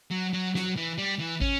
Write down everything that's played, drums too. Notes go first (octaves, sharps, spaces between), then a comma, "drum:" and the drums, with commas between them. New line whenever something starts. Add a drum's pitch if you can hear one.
F#3
F#3
F#3, drum: snare
E3
G3
E3
C#4, drum: kick